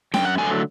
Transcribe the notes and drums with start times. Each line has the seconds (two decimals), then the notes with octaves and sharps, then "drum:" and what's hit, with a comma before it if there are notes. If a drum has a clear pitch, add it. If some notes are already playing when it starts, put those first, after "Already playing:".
0.14 F#2 G5, drum: snare D4
0.25 F#5
0.38 D3 F#3 A3 G#5